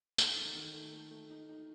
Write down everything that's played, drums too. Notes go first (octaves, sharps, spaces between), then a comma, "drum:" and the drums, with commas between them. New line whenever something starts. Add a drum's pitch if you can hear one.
A3, drum: tambourine
D#3
D#3
A3
A3
A3
D#4
D#4